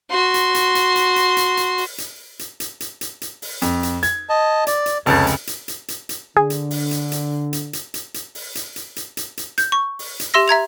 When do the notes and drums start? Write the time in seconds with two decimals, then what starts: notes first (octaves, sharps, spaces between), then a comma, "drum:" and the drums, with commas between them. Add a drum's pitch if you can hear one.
0.10 F#4 C6
0.34 drum: hi-hat
0.55 drum: hi-hat
0.75 drum: hi-hat
0.96 drum: hi-hat
1.16 drum: hi-hat
1.37 drum: hi-hat
1.57 drum: hi-hat
1.78 drum: open hi-hat
1.98 drum: hi-hat
2.39 drum: hi-hat
2.60 drum: hi-hat
2.80 drum: hi-hat
3.01 drum: hi-hat
3.22 drum: hi-hat
3.42 drum: open hi-hat
3.62 F2, drum: hi-hat
3.83 drum: hi-hat
4.03 G#6, drum: hi-hat
4.29 D#5 A5
4.67 D5, drum: hi-hat
4.86 drum: hi-hat
5.06 F1 C#2 C#5 A5 A6, drum: open hi-hat
5.27 drum: hi-hat
5.47 drum: hi-hat
5.68 drum: hi-hat
5.88 drum: hi-hat
6.09 drum: hi-hat
6.37 D3 G#4
6.50 drum: hi-hat
6.71 drum: open hi-hat
6.91 drum: hi-hat
7.12 drum: hi-hat
7.53 drum: hi-hat
7.73 drum: hi-hat
7.94 drum: hi-hat
8.14 drum: hi-hat
8.35 drum: open hi-hat
8.55 drum: hi-hat
8.76 drum: hi-hat
8.96 drum: hi-hat
9.17 drum: hi-hat
9.37 drum: hi-hat
9.58 G6, drum: hi-hat
9.72 C#6
9.99 drum: open hi-hat
10.20 drum: hi-hat
10.34 G4 E5 C6 E6 A#6
10.48 E5 A#5 G#6 F7